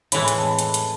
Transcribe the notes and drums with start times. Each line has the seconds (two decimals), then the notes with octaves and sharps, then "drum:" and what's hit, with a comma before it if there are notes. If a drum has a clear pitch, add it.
0.12 A2 E3 G#3 B5, drum: hi-hat
0.28 drum: hi-hat
0.37 A5
0.59 drum: hi-hat
0.74 drum: hi-hat